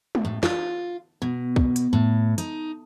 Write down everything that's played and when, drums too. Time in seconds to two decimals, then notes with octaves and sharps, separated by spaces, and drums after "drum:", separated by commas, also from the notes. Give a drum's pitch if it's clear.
0.15 drum: tom G#3
0.25 A2
0.43 F4, drum: snare
1.22 B2
1.56 drum: kick
1.76 drum: hi-hat
1.93 A2
2.38 D#4, drum: hi-hat